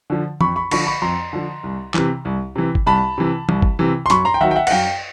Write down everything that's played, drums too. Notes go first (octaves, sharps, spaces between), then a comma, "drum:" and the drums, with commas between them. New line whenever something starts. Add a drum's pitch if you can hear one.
D3 F3
F2 B5 C#6, drum: tom
B5 C#6
D3 F3 B5 C#6, drum: cymbal
B5 C#6
F2 A#5 C6
D3 F3
C2
C3 E3, drum: clap
C2
C3 E3
drum: kick
C2 A5 B5
C3 E3
C2, drum: tom
drum: kick
C3 E3
C6
F#2 B5 C#6, drum: hi-hat
A#5 C6
G5
D#3 F#3 E5 F#5
G5
E5 F#5
F#5, drum: cymbal
F#2 F5 G5